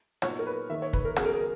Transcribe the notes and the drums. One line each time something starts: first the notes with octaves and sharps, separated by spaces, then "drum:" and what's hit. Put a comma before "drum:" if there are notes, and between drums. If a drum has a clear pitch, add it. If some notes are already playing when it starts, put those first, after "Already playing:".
A#2 F#3 B3 D#4 C#5, drum: rim click
A#4
B4
D#3 A#3 D#4 E5
C#5
B4, drum: kick
A#4
C#3 F#3 B3 G#4, drum: rim click
A#4
G#4
A#4